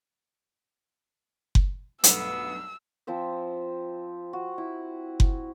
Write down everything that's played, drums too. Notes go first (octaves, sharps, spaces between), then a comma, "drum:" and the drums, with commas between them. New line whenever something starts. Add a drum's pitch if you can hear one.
drum: kick F#1
B1 G2 A3 B3 E6, drum: hi-hat
F3 C4 C5 E5
F#4
E4
drum: kick F#1